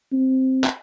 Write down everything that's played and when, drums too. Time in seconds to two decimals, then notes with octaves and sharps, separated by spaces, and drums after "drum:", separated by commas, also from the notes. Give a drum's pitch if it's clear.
0.13 C4
0.64 drum: clap